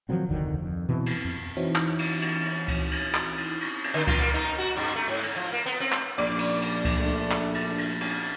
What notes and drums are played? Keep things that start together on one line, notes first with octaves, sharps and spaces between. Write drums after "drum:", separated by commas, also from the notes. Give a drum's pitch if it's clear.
D#3 F3 F#3 C4
F1 D2 D3 D#3
F2
B2 E3 C4
drum: cymbal
F2
E3 C4 D#4 E4 F#4 C#5
drum: clap
drum: cymbal
drum: cymbal
drum: cymbal
drum: kick C#2, cymbal
drum: cymbal
drum: clap
drum: cymbal
drum: cymbal
drum: cymbal
D3
F4, drum: kick C#2, cymbal
A#3
D#4
F#4
G2, drum: cymbal
A3
G#2
drum: cymbal
F3
A#3
B3
C4
drum: clap
A#1 D5, drum: cymbal
drum: cymbal
drum: cymbal
drum: kick C#2, cymbal
A3 D4
drum: clap
drum: cymbal
drum: cymbal
drum: cymbal